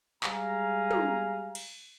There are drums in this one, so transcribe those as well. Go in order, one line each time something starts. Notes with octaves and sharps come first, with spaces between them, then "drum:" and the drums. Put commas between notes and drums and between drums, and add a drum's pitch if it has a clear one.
G3 G#3 F5 G#5 A#5, drum: clap
drum: tom
drum: cymbal